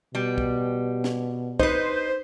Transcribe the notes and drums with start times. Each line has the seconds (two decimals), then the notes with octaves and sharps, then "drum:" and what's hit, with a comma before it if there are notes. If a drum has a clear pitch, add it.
0.15 B2 G3
0.38 drum: kick
1.04 drum: snare
1.60 D#4 B4 C5, drum: kick